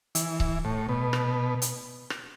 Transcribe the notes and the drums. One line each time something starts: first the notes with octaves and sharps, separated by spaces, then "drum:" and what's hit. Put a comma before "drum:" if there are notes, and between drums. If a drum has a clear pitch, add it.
E3, drum: hi-hat
drum: kick C#1
A2
B2
drum: rim click
drum: hi-hat
drum: rim click